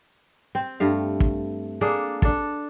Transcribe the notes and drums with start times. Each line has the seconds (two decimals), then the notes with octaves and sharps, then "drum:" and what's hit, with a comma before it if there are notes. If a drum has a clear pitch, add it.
0.55 C4
0.80 G2 A3 F5
1.20 drum: kick
1.81 A#3 D4 G#4 A4
2.22 D4 A4, drum: kick